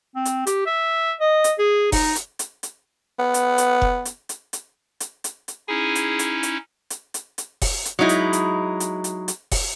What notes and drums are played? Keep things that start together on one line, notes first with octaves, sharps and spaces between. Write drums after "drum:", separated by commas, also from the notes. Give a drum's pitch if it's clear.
C4
drum: hi-hat
G4, drum: hi-hat
E5
D#5
drum: hi-hat
G#4
D#4, drum: kick F1, open hi-hat
drum: hi-hat
drum: hi-hat
drum: hi-hat
B3
drum: hi-hat
drum: hi-hat
drum: kick F1
drum: hi-hat
drum: hi-hat
drum: hi-hat
drum: hi-hat
drum: hi-hat
drum: hi-hat
C#4 D#4 E4 G#4
drum: hi-hat
drum: hi-hat
drum: hi-hat
drum: hi-hat
drum: hi-hat
drum: hi-hat
drum: kick F1, open hi-hat
drum: hi-hat
F#3 G#3 D#4 E4
drum: hi-hat
drum: hi-hat
drum: hi-hat
drum: hi-hat
drum: hi-hat
drum: kick F1, open hi-hat